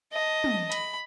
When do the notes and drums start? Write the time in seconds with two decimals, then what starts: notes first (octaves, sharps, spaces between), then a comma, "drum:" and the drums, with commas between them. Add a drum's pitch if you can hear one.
0.13 D#5 A5
0.44 drum: tom
0.72 B5, drum: hi-hat